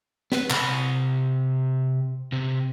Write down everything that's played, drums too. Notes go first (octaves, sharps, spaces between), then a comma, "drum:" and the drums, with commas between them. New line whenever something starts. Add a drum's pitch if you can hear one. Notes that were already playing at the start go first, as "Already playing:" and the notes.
B3 B4, drum: snare
C3 B5, drum: clap
C3